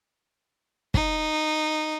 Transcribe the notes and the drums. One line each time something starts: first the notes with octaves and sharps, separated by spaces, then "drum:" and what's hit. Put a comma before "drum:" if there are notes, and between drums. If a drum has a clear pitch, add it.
D#4, drum: kick